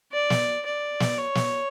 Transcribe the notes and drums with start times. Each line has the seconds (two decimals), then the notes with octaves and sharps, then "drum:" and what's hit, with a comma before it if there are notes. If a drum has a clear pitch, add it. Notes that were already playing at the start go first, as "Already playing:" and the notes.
0.13 D5
0.30 drum: snare
0.66 D5
1.00 drum: snare
1.18 C#5
1.35 drum: snare